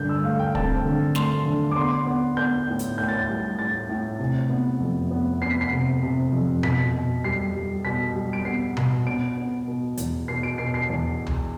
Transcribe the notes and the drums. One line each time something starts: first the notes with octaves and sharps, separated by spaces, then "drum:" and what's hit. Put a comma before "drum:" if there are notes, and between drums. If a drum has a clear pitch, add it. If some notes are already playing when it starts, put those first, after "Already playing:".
Already playing: G2 D3 G6
E6
A3 F5
G5
C4 A5, drum: kick
D3
A3 C6, drum: snare
D3
D6
B3 C6
B3
B3 G6
A2
drum: hi-hat
A2 G6
A6
G6
G3
A2 A6
A2
C3
B3
F2
B3
B3 C7
B6
C7
C3
C3
F2
B2 B6, drum: tom B2
B2
G3 C7
G3
B2 B6
G3
D7
B3 C7
B2, drum: tom B2
B3 D7
B3
B2
E2, drum: hi-hat
B2 C7
D7
B2 C7
C7
E2
drum: tom C2